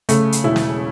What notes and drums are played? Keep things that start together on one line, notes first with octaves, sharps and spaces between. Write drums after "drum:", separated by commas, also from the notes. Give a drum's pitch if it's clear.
C#3 A3, drum: hi-hat
drum: hi-hat
E1 E4
drum: snare